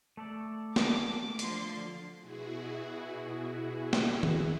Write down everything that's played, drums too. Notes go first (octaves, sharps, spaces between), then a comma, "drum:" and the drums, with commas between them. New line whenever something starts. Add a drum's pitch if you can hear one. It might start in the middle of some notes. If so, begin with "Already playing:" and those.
A3 A4 D5
D6, drum: snare B3
D3 F3 C6, drum: hi-hat
B2 E4 F#4 G#4
drum: snare B3
drum: tom D#3